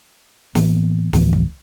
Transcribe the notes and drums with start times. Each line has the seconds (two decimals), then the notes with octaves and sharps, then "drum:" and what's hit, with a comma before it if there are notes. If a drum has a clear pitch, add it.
0.55 A2 E3 A#3 B3, drum: snare
1.13 D2 A2 E3 F3, drum: snare
1.33 drum: kick